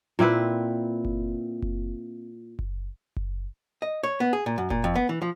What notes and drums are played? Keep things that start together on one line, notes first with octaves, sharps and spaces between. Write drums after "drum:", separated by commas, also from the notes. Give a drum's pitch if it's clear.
A#2 C4 E4 B4
drum: kick F#1
drum: kick F#1
drum: kick F#1
drum: kick F#1
D#5
C#5
B3
G#4
A#2
F#2
A#2, drum: kick F#1
F2
B3
E3
F3